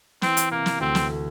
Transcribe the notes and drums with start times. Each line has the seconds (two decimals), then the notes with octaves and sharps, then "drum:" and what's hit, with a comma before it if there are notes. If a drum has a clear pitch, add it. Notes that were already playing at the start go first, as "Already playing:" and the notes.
0.22 E3 C4, drum: snare
0.37 drum: hi-hat
0.51 C3 A#3
0.66 drum: snare
0.80 D2 C4
0.95 drum: snare
1.09 A3